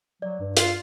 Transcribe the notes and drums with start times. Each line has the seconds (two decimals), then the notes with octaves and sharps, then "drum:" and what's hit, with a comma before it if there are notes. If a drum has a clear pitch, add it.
0.22 F#3 D5
0.40 G2
0.57 F4, drum: hi-hat